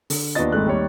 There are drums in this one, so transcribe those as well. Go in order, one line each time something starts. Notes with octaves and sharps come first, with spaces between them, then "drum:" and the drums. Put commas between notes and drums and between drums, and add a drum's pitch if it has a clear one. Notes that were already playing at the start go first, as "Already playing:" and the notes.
D3, drum: open hi-hat
D#2 B3 D4 F4 D#5 A6
G#1 G#3 A3 F#6
D#2 G3 D#4 C#5